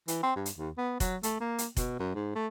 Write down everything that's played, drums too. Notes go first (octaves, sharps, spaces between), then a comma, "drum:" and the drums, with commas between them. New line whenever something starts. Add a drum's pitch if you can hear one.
E3, drum: hi-hat
C4
G2
drum: hi-hat
D#2
B3
F#3, drum: kick F1, hi-hat
A3, drum: hi-hat
A#3
drum: hi-hat
B2, drum: kick F1, hi-hat
F#2
G#2
A3